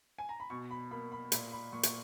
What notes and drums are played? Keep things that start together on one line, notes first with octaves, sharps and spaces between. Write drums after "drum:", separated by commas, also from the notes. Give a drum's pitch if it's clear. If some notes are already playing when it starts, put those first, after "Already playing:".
G#5
A#5
B5
B2 C#6
B5
A#3 B5
B5
A#2 B5, drum: hi-hat
B5
A#2 C#6
C#6, drum: hi-hat